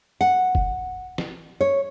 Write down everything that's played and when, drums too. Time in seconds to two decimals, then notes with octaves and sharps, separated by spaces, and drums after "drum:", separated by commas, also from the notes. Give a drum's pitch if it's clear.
0.21 F#5
0.55 drum: kick
1.18 drum: snare
1.61 C#5